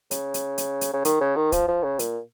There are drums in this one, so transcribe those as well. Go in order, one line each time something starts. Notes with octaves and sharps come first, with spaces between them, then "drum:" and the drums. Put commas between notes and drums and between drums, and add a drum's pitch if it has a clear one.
C#3, drum: hi-hat
drum: hi-hat
drum: hi-hat
drum: hi-hat
C#3
D#3, drum: hi-hat
C#3
D#3
F3, drum: kick, hi-hat
F3
C#3
A#2, drum: hi-hat